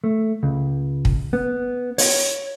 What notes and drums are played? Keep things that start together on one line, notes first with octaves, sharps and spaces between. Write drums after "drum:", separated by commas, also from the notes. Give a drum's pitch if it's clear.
A3
C#2
drum: kick
B3
C#5, drum: open hi-hat